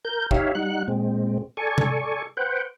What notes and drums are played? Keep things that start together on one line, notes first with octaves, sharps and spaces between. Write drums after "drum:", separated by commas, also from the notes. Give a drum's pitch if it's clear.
A#4 G6
D#4 G4 C#5 E5 F5, drum: kick
G3 D#4 F#5 F#6
A#2 G#3 C4
A4 D5 G#5 C#6
drum: tom C3
B4 C5 F#5 G5